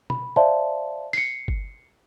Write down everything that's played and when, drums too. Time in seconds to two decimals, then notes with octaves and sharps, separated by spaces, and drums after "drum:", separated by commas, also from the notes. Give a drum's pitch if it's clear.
0.10 B5, drum: tom
0.36 C5 D5 E5 F5 A5 C6
1.13 C7 C#7, drum: open hi-hat
1.48 drum: kick G1